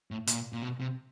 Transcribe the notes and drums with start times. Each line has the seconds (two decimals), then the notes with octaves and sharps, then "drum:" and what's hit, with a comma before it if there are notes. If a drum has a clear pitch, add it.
0.11 A2
0.27 A#2, drum: hi-hat
0.53 A#2
0.63 B2
0.80 C3